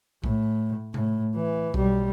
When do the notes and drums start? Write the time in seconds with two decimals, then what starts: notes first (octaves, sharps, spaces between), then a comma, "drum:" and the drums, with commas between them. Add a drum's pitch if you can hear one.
0.24 A2, drum: kick B1
0.94 A2, drum: tom C3
1.36 E3
1.74 B1 G3, drum: kick B1